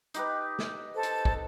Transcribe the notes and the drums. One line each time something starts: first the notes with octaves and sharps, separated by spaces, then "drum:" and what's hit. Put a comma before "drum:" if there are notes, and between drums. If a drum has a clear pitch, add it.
D#4 G4 B4, drum: hi-hat
drum: snare
A4 C5
drum: hi-hat
drum: kick